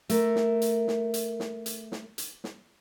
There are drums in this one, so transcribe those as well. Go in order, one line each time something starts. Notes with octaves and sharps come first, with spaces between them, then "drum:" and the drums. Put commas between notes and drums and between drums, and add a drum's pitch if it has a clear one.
A3 A#4, drum: hi-hat
drum: snare
drum: hi-hat
drum: snare
drum: hi-hat
drum: snare
drum: hi-hat
drum: snare
drum: hi-hat
drum: snare